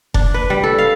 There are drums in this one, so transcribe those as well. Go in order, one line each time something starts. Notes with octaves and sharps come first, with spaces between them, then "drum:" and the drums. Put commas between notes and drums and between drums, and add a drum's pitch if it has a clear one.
D4, drum: kick F1
B4
G3
A4
F5